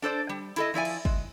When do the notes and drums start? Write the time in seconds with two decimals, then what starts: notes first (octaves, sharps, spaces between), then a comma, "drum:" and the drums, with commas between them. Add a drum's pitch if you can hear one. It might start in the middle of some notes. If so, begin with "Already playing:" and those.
0.02 D4 A4 C5 D5
0.29 G3
0.56 E4 A4 D#5, drum: hi-hat
0.74 F3 E4 D5 G#5
0.85 drum: cymbal
1.05 G#3, drum: kick